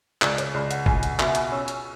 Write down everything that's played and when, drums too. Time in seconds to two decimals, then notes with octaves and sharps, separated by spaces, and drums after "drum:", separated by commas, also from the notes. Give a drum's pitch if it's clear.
0.22 C#2 D5, drum: clap
0.38 C#5, drum: hi-hat
0.54 C#2 D5
0.71 F#5, drum: hi-hat
0.86 C#2 G#5, drum: kick G1
1.03 F#5, drum: hi-hat
1.19 B2 E5, drum: clap
1.28 F#5
1.35 G#5, drum: hi-hat
1.52 C#4 E6
1.68 drum: hi-hat